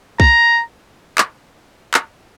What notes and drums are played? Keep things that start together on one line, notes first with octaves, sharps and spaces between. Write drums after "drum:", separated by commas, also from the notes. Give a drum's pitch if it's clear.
A#5, drum: kick B1
drum: clap
drum: clap